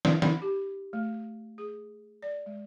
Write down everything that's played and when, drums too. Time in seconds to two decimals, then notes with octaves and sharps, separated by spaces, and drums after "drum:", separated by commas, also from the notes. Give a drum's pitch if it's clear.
0.05 drum: snare
0.22 D#4, drum: snare
0.42 G4
0.93 A3
1.58 G#4
2.22 D5
2.46 G#3